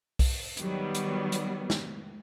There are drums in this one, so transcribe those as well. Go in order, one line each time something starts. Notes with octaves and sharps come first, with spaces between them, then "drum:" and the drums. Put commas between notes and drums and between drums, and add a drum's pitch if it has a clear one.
drum: kick B1, open hi-hat
D#3 F#3 G3 B3, drum: hi-hat
drum: hi-hat
drum: hi-hat
drum: snare